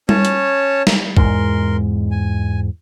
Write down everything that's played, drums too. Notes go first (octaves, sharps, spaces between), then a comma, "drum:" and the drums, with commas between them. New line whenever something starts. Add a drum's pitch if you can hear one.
C#4 C#5 A5, drum: tom G3
drum: hi-hat
drum: snare
E2 G#2 G#3 A#4 C6, drum: kick A#1
G#5